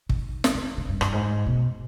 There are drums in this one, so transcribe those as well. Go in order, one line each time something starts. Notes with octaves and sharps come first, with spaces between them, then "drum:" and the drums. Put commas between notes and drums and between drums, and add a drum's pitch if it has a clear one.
D#3, drum: kick
D#3, drum: snare
D#3
D3
G2
G2, drum: rim click
G#2
B2